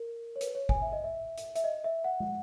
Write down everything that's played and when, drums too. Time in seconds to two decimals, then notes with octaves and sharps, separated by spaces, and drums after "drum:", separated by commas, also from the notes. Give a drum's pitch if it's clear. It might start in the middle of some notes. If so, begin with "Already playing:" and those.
Already playing: A#4
0.36 C#5
0.41 B4, drum: hi-hat
0.55 C#5
0.69 G#5, drum: kick
0.82 E5
0.93 D#5
1.04 E5
1.38 drum: hi-hat
1.56 E5, drum: hi-hat
1.64 D#5
1.84 E5
2.04 F#5
2.20 drum: tom